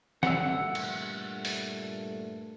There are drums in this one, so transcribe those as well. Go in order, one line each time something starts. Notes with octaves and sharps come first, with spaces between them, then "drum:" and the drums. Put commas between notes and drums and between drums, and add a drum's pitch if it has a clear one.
G2 A#2 A3 F#5 E6, drum: snare
drum: cymbal
drum: open hi-hat